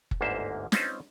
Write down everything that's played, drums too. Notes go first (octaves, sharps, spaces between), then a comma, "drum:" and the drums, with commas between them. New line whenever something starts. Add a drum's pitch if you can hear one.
drum: kick F#1
G1 D2 G#2 A#3 C5 E5
C4 C#4 D#4 F4 B4 C5, drum: snare